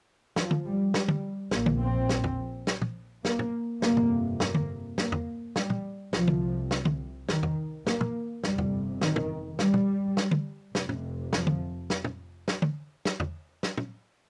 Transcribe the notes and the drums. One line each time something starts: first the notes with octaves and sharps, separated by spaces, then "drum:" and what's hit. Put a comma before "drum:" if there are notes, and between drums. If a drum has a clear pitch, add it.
F3, drum: snare
drum: tom
G3
G3, drum: snare
drum: tom
A#1 A#2 A#3, drum: snare
drum: tom
C4
drum: snare
drum: tom
drum: snare
drum: tom
A#3, drum: snare
drum: tom
G1 F2 C3 A#3, drum: snare
drum: tom
A#3, drum: snare
drum: tom
A#3, drum: snare
drum: tom
G3, drum: snare
drum: tom
C2 C3 F3, drum: snare
drum: tom
drum: snare
drum: tom
D#3, drum: snare
drum: tom
A#3, drum: snare
drum: tom
G1 F2 C3 G3, drum: snare
drum: tom
D#3, drum: snare
drum: tom
G3, drum: snare
drum: tom
drum: snare
drum: tom
F1 F2 C3, drum: snare
drum: tom
F3, drum: snare
drum: tom
drum: snare
drum: tom
drum: snare
drum: tom
drum: snare
drum: tom
drum: snare
drum: tom